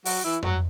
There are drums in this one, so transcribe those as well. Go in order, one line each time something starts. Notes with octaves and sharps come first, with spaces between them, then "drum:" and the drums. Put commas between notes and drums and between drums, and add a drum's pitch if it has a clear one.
F#3 F#4, drum: open hi-hat
E3 E4
F#3 F#4, drum: tom F2